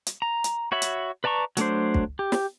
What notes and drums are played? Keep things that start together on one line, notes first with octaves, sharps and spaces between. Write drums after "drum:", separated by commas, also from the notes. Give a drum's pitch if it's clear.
drum: hi-hat
A#5
drum: hi-hat
F#4 C#5 E5 B5
drum: hi-hat
B4 D5 A5 A#5 C#6
F#3 A3 D4 C5, drum: hi-hat
drum: kick
G4
drum: snare